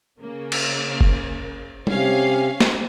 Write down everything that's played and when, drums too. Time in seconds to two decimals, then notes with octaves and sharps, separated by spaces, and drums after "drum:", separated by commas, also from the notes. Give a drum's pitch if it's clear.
0.21 C#3 A#3
0.52 drum: cymbal
1.01 drum: kick F#1
1.87 C3 C#4 F5, drum: tom G3
2.60 drum: snare